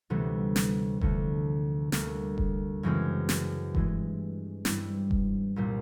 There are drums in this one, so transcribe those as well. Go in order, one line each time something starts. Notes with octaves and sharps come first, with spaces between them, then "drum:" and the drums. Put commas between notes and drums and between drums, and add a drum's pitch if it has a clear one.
D2 C3 E3 G3 B3
drum: snare
D2 D3 F3 A3, drum: kick F1
D2 D3 G3 A#3, drum: snare
drum: kick F1
F#2 C#3 E3 G#3 C4
drum: snare
G2 E3 G#3, drum: kick F1
G2 E3 G3 C4 E4, drum: snare
drum: kick F1
C2 A#2 G3